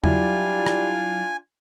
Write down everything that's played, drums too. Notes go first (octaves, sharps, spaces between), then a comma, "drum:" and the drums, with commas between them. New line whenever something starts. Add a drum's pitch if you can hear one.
F#3 G3 D4 E4 F4 G#5, drum: tom E2
drum: rim click